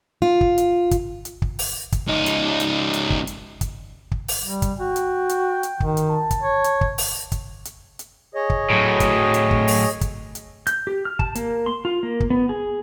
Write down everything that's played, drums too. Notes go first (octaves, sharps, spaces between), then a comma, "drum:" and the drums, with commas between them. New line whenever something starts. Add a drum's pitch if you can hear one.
F4
drum: kick
drum: hi-hat
drum: kick, hi-hat
drum: hi-hat
drum: kick
drum: open hi-hat
drum: kick, hi-hat
C#2 D#4
drum: hi-hat
drum: hi-hat
drum: hi-hat
drum: kick
drum: hi-hat
drum: kick, hi-hat
drum: kick
drum: open hi-hat
G3
drum: kick, hi-hat
F#4 G5
drum: hi-hat
drum: hi-hat
drum: hi-hat
D#3, drum: kick
drum: hi-hat
A5
drum: kick, hi-hat
C#5
drum: hi-hat
drum: kick
drum: open hi-hat
drum: kick, hi-hat
drum: hi-hat
drum: hi-hat
G#4 C#5 D#5
drum: kick
A2 F#3
drum: kick, hi-hat
drum: hi-hat
drum: kick
drum: open hi-hat
drum: kick, hi-hat
drum: hi-hat
G6, drum: hi-hat
G4
F6
A5, drum: kick
A#3, drum: hi-hat
C6
F4
A#3
drum: kick
B3
G#4